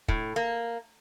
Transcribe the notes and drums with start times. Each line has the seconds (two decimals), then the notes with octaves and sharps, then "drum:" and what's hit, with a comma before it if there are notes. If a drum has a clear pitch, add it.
0.08 A2, drum: kick
0.36 A#3